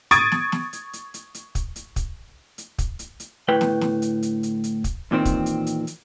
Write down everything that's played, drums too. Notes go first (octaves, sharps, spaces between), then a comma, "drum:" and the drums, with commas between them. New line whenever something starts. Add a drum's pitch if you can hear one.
C#6 D#6 G#6 A6 D7 D#7, drum: hi-hat
drum: snare
drum: snare
drum: hi-hat
drum: hi-hat
drum: hi-hat
drum: hi-hat
drum: kick, hi-hat
drum: hi-hat
drum: kick, hi-hat
drum: hi-hat
drum: kick, hi-hat
drum: hi-hat
drum: hi-hat
D2 A2 B4 G5
drum: snare
drum: snare
drum: hi-hat
drum: hi-hat
drum: hi-hat
drum: hi-hat
drum: kick, hi-hat
E2 A#2 D#3 C4
drum: kick, hi-hat
drum: hi-hat
drum: hi-hat
drum: hi-hat